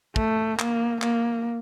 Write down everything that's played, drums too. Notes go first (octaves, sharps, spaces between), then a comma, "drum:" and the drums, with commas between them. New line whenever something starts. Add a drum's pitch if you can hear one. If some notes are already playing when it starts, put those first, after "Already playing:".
A3, drum: kick
A#3, drum: clap
A#3, drum: clap